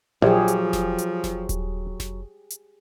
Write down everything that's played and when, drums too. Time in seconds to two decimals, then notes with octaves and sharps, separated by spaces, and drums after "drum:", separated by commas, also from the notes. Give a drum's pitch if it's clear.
0.22 A#1 F3 F#3 G4 G#4
0.48 drum: hi-hat
0.73 drum: snare F1
0.98 drum: hi-hat
1.24 drum: snare F1
1.49 drum: kick D#1, hi-hat
2.00 drum: snare F1
2.50 drum: hi-hat